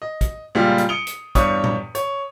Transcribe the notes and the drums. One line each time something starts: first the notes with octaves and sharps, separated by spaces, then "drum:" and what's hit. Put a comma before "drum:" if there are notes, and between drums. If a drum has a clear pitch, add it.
D#5
drum: kick, hi-hat
C#2 A#2 G3 G#3 F4 G4
drum: hi-hat
D#6 C#7 D7 F7 G7
drum: hi-hat
E2 G2 D4 C#5 C#6 D#6, drum: kick, hi-hat
drum: tom A#2
C#5, drum: hi-hat